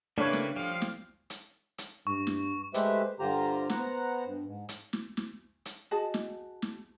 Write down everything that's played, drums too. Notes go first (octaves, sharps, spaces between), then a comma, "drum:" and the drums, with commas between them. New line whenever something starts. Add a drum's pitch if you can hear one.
C#3 G3 A3 A#3 D4 B4 C#5
drum: snare
F3 G3 F5
drum: snare
drum: hi-hat
drum: hi-hat
G2 C#6
drum: snare
G#3 A3 G4 B4 C5 E5, drum: hi-hat
G2 D3 F4 G4 C5 A#5
B3 C5 F#5 A#5, drum: snare
G2
G#2
drum: hi-hat
drum: snare
drum: snare
drum: hi-hat
F#4 G#4 D#5 A5
drum: snare
drum: snare